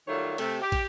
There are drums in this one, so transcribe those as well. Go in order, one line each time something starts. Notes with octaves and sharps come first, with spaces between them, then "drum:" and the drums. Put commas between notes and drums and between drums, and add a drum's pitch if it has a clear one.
D#3 F#3 G3 A3 F4 C#5
C3 A3, drum: cymbal
G4
drum: kick, cymbal